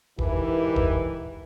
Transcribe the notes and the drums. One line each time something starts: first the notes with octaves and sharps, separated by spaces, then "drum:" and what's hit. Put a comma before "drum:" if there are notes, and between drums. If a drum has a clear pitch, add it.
G#2 E3 E4 G4 A#4 B4, drum: kick
drum: kick